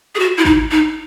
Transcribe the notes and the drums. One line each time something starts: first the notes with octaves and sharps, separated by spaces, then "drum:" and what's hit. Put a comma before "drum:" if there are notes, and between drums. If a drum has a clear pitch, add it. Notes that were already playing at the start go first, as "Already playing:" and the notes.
G#4
F#4
E4
D#4, drum: kick
D#4